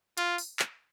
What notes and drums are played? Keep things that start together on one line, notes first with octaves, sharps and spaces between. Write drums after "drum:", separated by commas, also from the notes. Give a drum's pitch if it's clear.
F4, drum: hi-hat
drum: open hi-hat
drum: clap